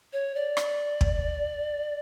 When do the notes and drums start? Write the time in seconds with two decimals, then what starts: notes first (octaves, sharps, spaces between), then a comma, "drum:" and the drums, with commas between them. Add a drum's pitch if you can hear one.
0.13 C#5
0.35 D5
0.57 drum: rim click
1.01 drum: kick